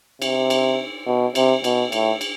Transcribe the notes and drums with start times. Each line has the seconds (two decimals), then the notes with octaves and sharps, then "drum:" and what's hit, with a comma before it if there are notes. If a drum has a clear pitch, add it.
0.22 C3, drum: cymbal
0.50 drum: cymbal
1.07 B2
1.35 C3, drum: cymbal
1.64 B2, drum: cymbal
1.92 A2, drum: cymbal
2.21 drum: cymbal